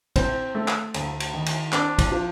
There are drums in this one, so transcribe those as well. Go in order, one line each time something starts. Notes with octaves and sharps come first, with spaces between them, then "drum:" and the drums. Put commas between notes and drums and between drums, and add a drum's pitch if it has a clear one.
C4, drum: kick, cymbal
A3
drum: clap
D2, drum: cymbal
drum: cymbal
D#3
drum: cymbal
C4 D4, drum: clap
drum: kick, cymbal
F3